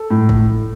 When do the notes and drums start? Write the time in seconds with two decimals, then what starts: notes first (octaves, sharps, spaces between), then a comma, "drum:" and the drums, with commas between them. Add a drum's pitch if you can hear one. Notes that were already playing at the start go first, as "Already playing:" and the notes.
Already playing: A4
0.10 A2
0.29 drum: kick